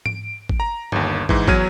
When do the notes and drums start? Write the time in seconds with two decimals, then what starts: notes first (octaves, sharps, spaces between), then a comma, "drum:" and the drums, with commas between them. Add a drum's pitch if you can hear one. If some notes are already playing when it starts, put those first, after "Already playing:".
0.06 D7, drum: tom G#2
0.49 drum: kick
0.60 A#5
0.92 G1 D#2, drum: tom G2
1.29 G#2 E3, drum: kick
1.48 E2 F#3 F6 G#6 D#7, drum: kick